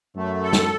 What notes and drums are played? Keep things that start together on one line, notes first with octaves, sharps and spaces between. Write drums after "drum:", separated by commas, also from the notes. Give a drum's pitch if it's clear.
F#2 A3
A4
drum: snare